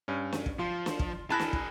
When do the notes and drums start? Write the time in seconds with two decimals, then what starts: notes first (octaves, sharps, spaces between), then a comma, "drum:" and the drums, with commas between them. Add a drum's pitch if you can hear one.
0.08 G2 C#4
0.33 drum: snare
0.46 drum: kick
0.59 F3 F4
0.86 drum: snare
0.99 drum: kick
1.30 E4 G#4 A#4 A5 B5 F#6 A#6
1.40 drum: snare
1.53 drum: kick